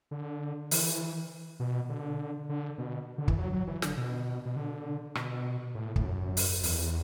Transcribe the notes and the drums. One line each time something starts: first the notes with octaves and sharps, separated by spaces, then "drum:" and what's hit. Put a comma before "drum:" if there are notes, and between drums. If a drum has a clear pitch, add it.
D3
E3, drum: open hi-hat
B2
D3
D3
B2
D3
E3, drum: kick
F#3
F#3
E3
D3, drum: snare
B2
B2
D3
B2, drum: rim click
A2
A2, drum: kick
F#2
drum: open hi-hat
E2, drum: open hi-hat